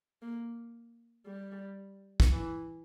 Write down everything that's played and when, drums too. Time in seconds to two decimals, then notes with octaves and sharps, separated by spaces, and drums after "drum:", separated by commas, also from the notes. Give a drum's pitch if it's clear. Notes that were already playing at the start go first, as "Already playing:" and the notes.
0.22 A#3
1.26 G3
2.20 drum: kick
2.32 E3